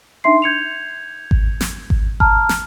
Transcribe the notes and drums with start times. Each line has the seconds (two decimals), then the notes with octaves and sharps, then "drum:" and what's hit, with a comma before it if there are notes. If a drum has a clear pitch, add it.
0.24 D4 D#4 E5 C6 C7
0.42 G6 G#6 C#7 F7
1.31 drum: kick G#1
1.61 drum: snare
1.90 drum: kick G#1
2.20 A5 A#5 F6, drum: kick G#1
2.49 drum: snare